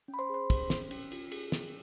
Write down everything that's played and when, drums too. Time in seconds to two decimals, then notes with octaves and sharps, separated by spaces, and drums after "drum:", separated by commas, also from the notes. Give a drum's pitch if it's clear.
0.08 C#4
0.14 B5
0.19 C5 C6
0.30 G#4 C5 C6
0.50 C#4, drum: kick, cymbal
0.70 C#4, drum: snare
0.91 C#4, drum: cymbal
1.12 F4, drum: cymbal
1.32 G#4, drum: cymbal
1.52 C#4, drum: snare